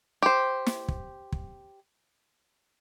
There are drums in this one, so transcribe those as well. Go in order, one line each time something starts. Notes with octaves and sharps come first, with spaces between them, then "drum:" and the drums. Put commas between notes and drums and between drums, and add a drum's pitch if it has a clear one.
G4 C5
drum: snare
drum: kick
drum: kick